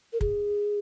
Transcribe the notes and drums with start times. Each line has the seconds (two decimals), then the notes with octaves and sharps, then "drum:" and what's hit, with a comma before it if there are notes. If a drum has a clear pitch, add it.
0.13 A#4
0.21 G#4, drum: kick